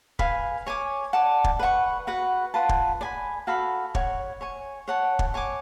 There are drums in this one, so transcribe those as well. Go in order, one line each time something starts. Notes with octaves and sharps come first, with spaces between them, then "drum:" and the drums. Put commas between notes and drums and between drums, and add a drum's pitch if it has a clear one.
B4 F5 G#5, drum: kick
C#5 G#5 D6
D5 F#5 A5
drum: kick
B4 F#5 C#6
F#4 B4 F#5
F4 B4 F#5 A5
drum: kick
D5 G#5 B5
F#4 A4 F5 B5
C#5 F#5 C#6, drum: kick
C#5 G#5 C#6
C#5 F#5 A5
drum: kick
C#5 G#5 D6